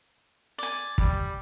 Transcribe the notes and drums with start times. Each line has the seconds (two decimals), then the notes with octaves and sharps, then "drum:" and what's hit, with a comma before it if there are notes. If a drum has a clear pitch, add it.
0.58 D5 G#5
0.98 G3, drum: kick